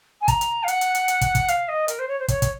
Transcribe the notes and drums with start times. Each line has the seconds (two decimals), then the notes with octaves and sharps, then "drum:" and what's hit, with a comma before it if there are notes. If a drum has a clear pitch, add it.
0.21 G#5
0.28 A#5, drum: kick, hi-hat
0.41 drum: hi-hat
0.63 F5
0.68 F#5, drum: hi-hat
0.81 drum: hi-hat
0.95 drum: hi-hat
1.08 drum: hi-hat
1.21 drum: kick, hi-hat
1.35 drum: kick, hi-hat
1.48 F5, drum: hi-hat
1.68 D#5
1.88 A#4, drum: hi-hat
1.99 C5
2.08 C#5
2.19 C5
2.28 C#5, drum: kick, hi-hat
2.42 drum: kick, hi-hat